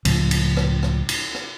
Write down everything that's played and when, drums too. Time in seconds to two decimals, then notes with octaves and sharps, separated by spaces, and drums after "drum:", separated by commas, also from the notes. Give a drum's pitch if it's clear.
0.05 C#2 A2 F3, drum: cymbal
0.31 drum: cymbal
0.57 drum: rim click
0.83 drum: rim click
1.09 drum: cymbal
1.35 drum: rim click